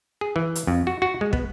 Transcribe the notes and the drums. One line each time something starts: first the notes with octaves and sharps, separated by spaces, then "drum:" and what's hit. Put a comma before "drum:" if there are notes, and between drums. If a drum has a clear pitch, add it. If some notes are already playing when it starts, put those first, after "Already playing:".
G#4
E3
drum: hi-hat
F2
F#4
F#4
G#3
B3, drum: kick